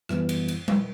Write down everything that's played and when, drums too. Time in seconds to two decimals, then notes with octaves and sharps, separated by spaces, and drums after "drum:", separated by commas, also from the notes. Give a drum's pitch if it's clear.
0.09 F#2 E3 G3 B3, drum: rim click
0.29 drum: cymbal
0.48 drum: cymbal
0.68 drum: tom G3